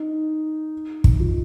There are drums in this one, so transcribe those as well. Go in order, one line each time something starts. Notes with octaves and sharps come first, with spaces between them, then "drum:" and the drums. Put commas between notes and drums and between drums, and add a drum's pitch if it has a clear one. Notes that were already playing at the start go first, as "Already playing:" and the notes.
Already playing: D#4
drum: kick
F4